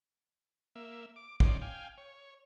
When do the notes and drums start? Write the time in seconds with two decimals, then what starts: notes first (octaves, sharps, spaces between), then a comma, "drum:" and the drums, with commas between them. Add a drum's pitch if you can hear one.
0.75 A#3 E5
1.16 D6
1.40 F2 C#4 D#4 D5 C6 D6, drum: kick
1.61 F5 G5 G#5
1.98 C#5